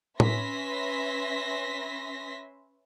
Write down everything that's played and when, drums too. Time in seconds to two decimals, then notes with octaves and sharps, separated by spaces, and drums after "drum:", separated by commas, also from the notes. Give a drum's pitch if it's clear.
0.20 C#4 B4 E5 C6 A#6 B6, drum: tom A2